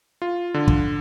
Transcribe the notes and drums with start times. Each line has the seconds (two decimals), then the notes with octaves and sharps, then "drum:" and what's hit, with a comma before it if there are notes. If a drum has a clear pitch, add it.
0.22 F4
0.54 D3
0.68 drum: kick